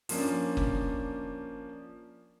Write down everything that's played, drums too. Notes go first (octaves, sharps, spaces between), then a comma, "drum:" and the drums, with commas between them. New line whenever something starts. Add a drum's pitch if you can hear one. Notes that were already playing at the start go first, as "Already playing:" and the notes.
F3 A#3 C#4 D4, drum: open hi-hat
drum: kick